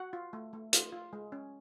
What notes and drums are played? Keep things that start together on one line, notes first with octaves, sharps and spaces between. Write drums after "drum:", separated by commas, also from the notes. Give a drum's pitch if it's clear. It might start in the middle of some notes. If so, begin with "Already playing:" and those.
Already playing: F#4 F#5
F4
A3
A3
F4, drum: hi-hat
F4
G#3
C#4